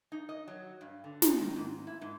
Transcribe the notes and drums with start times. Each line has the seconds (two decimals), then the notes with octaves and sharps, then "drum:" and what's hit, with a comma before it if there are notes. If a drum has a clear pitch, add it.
0.12 D#4
0.29 D#5
0.48 F#3
0.81 G2
1.04 D3
1.22 D#4, drum: snare
1.39 D#3
1.56 G#2
1.87 E4
2.01 G#2